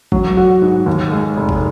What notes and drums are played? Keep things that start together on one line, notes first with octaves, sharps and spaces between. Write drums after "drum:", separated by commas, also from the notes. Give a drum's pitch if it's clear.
F#3, drum: kick
F#4
G#2
D#2
G#3
F1
drum: kick